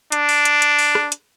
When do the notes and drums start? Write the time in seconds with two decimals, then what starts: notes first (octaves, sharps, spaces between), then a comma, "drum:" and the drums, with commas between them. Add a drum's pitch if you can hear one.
0.12 D4, drum: hi-hat
0.29 drum: open hi-hat
0.45 drum: hi-hat
0.62 drum: hi-hat
0.79 drum: open hi-hat
0.95 drum: rim click
1.12 drum: hi-hat